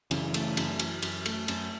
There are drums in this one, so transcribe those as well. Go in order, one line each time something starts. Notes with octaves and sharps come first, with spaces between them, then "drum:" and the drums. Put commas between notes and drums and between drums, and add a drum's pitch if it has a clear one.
F#2 C#3 E3, drum: cymbal
A3, drum: cymbal
F#2, drum: cymbal
E3, drum: cymbal
F#2, drum: cymbal
A3, drum: cymbal
F#2, drum: cymbal